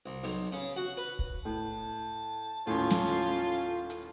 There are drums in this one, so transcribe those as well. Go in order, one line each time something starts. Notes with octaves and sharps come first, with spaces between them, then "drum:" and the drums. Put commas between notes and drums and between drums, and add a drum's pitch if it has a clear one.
C2
B1, drum: open hi-hat
C#3
F#4
B4
drum: kick
A2 A5
D#1 A2 C#4 F4 C6
drum: snare
drum: hi-hat